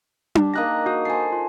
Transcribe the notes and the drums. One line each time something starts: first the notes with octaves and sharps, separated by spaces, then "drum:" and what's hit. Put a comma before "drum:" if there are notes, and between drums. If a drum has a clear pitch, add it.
D4 G4, drum: tom D4
A#3 D#4 G#4 D#6 F#6 A#6
F#4 G#4 D#6
A4 C5 G#5 C7
F4